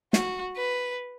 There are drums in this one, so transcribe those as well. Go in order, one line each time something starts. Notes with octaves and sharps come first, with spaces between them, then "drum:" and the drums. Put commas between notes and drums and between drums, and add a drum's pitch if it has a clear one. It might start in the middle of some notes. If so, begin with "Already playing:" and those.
F#4, drum: snare
B4